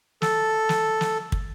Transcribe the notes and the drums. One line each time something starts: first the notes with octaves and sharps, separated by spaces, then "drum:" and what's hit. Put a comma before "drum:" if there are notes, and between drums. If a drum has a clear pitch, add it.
A4, drum: snare
drum: snare
drum: snare
drum: kick